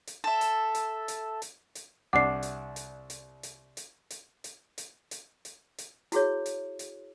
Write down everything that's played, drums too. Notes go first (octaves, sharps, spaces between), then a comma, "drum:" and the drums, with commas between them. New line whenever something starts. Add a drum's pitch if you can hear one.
drum: hi-hat
A4 E5
drum: hi-hat
drum: hi-hat
drum: hi-hat
drum: hi-hat
drum: hi-hat
C2 D4 F#5 D6 C7
drum: hi-hat
drum: hi-hat
drum: hi-hat
drum: hi-hat
drum: hi-hat
drum: hi-hat
drum: hi-hat
drum: hi-hat
drum: hi-hat
drum: hi-hat
drum: hi-hat
E4 F#4 G#4 C#5, drum: hi-hat
drum: hi-hat
drum: hi-hat